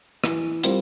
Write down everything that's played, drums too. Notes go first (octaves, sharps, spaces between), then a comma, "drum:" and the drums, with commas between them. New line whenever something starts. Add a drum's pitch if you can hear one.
E3, drum: rim click
G3 C4 F4 A#4, drum: hi-hat